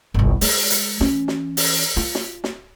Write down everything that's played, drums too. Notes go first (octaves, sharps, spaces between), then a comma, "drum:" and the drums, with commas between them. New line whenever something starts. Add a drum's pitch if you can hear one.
G1 C2
G#3, drum: open hi-hat
drum: hi-hat
E3 C#4, drum: snare
drum: snare
drum: open hi-hat
F4
drum: snare
drum: snare